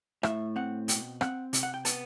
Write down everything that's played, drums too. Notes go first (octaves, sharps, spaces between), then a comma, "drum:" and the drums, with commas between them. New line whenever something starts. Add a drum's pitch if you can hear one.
A2 E5, drum: rim click
C4 F#5
B2 G5, drum: hi-hat
C4 F#5, drum: rim click
C3, drum: hi-hat
F#5
G5
B3 A5, drum: hi-hat